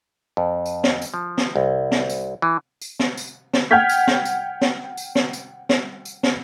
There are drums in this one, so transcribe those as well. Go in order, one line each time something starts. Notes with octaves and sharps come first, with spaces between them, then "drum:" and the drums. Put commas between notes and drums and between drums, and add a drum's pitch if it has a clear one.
F2
drum: tambourine
drum: snare
drum: tambourine
F3
drum: snare
C2
drum: snare
drum: tambourine
E3
drum: tambourine
drum: snare
drum: tambourine
drum: snare
F#5 G5 F6 G6 G#6 B6
drum: tambourine
drum: snare
drum: tambourine
drum: snare
drum: tambourine
drum: snare
drum: tambourine
drum: snare
drum: tambourine
drum: snare